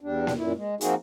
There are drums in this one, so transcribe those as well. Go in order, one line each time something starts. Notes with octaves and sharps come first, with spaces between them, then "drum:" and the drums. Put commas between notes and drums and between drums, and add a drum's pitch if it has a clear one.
E2 G3 D4
drum: snare A#3
F#2 A#2 E4
G#3
F3 A#3 C4 D#4 F#4 G#4, drum: hi-hat